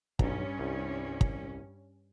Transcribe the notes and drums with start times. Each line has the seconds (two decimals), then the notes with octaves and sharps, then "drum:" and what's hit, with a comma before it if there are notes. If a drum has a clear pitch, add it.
0.19 B1 G2 C#4 A#5, drum: kick
0.60 C2
1.21 drum: kick